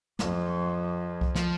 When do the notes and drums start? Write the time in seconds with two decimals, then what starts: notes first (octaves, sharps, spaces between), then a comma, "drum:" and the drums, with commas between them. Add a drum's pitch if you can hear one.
0.19 F2, drum: snare
1.21 drum: kick C2
1.35 F3, drum: snare